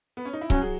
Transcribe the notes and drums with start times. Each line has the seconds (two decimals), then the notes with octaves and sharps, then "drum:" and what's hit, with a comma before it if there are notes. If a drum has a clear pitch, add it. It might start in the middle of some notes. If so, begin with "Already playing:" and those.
0.17 B3
0.25 C#4
0.33 D#4
0.41 E4
0.50 F#3 C#4 F#4, drum: kick C#1
0.62 G#4